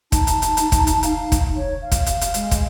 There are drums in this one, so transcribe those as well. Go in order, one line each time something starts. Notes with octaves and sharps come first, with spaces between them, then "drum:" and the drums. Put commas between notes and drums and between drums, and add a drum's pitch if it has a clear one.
D#4 A5, drum: kick, hi-hat
drum: hi-hat
drum: hi-hat
drum: hi-hat
drum: kick, hi-hat
drum: hi-hat
F5, drum: hi-hat
drum: kick, hi-hat
C#5
F5
drum: kick, hi-hat
drum: hi-hat
drum: hi-hat
G#3, drum: hi-hat
drum: kick, hi-hat